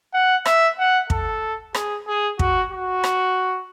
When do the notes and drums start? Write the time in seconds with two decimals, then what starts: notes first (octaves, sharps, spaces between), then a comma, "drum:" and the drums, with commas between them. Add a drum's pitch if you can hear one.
0.14 F#5
0.46 E5, drum: rim click
0.79 F#5
1.10 A4, drum: kick
1.74 G#4, drum: rim click
2.07 G#4
2.39 F#4, drum: kick
2.72 F#4
3.04 drum: rim click